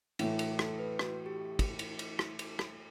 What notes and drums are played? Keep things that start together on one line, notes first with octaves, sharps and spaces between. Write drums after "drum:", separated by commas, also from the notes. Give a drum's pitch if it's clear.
A2 E3 A3 E4, drum: cymbal
E4, drum: cymbal
A4, drum: rim click
B4
F#4, drum: rim click
G4
drum: kick, cymbal
drum: cymbal
drum: cymbal
drum: rim click
drum: cymbal
drum: rim click